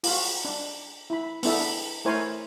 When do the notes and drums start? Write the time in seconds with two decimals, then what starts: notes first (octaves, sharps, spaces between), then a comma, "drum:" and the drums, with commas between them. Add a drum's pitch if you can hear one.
0.04 F4 F#4, drum: open hi-hat
0.45 D4
1.10 E4 B5
1.43 B3 D4 E4 A4 E5, drum: open hi-hat
2.05 A3 E4 A#4 C5 C#5 G#5